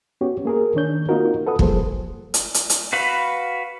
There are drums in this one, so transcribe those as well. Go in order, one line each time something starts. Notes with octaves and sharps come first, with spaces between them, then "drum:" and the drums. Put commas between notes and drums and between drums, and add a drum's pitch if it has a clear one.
B3 C#4 F#4 G4 C#5
A#3 G#4 A#4
D#3 D4 C#5 G6
A#3 C4 D#4 F4 F#4 A#4
A4 B4 F#5 D#6
F3 G3 A#3 G#4 A4 C5, drum: kick
drum: hi-hat
drum: hi-hat
drum: hi-hat
F#4 B4 F5 B5